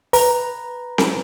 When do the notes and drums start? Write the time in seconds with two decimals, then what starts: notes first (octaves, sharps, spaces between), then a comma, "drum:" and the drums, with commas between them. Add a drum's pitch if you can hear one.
0.13 B4 A#5, drum: open hi-hat
0.98 drum: snare C4